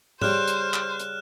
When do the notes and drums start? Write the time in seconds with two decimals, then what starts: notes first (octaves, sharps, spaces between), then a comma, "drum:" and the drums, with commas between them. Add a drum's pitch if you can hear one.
0.22 C#3 G3 C5 F6 F#6 E7, drum: tom G#2
0.48 drum: hi-hat
0.74 drum: clap
1.00 drum: hi-hat